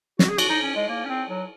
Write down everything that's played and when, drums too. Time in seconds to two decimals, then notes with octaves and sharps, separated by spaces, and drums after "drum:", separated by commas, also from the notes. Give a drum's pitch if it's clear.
0.19 F#4, drum: snare
0.29 G#4
0.38 F#4, drum: cymbal
0.49 D#4
0.62 C#4
0.75 G#3
0.89 A#3
1.05 C#4
1.09 C4
1.29 F#3